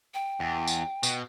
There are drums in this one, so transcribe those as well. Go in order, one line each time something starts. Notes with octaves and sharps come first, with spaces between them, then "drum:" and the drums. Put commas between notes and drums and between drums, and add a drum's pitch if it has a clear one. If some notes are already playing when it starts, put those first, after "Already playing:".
G5
E2
drum: tambourine
B2, drum: tambourine